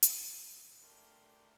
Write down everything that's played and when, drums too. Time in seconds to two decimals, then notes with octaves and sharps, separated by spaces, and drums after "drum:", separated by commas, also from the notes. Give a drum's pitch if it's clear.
0.03 drum: hi-hat
0.82 A3 D4 G4 A#4 C6